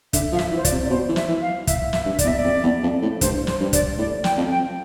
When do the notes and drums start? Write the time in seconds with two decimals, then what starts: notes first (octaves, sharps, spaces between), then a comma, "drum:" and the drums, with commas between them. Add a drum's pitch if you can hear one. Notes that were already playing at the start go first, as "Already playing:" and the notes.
0.13 D3 E5, drum: kick, hi-hat
0.32 F3 F5
0.39 E5, drum: snare
0.51 E3
0.56 C5
0.65 D5, drum: kick, hi-hat
0.71 C3
0.86 D5
0.90 B2 C5
1.09 E3
1.16 E5, drum: snare
1.28 E3
1.41 F5
1.67 E5, drum: kick, hi-hat
1.93 E5, drum: snare
2.06 G2
2.19 D5, drum: kick, hi-hat
2.24 E2
2.28 E5
2.38 D5
2.44 F2
2.63 E2
2.83 F2
3.02 A2
3.21 G2 C5, drum: kick, hi-hat
3.47 C5, drum: snare
3.60 G2
3.73 D5, drum: kick, hi-hat
3.98 A2 D5
4.24 G5, drum: snare
4.37 F2
4.50 G5